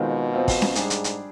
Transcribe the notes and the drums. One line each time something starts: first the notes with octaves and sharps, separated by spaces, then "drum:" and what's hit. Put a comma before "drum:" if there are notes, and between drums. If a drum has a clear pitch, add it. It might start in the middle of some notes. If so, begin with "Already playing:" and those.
Already playing: B2 D#3 G#3 C4 F4
F3 C4 F4
drum: kick, open hi-hat
drum: snare C#4
G#2 G3 D4 G#4, drum: hi-hat
drum: hi-hat
drum: hi-hat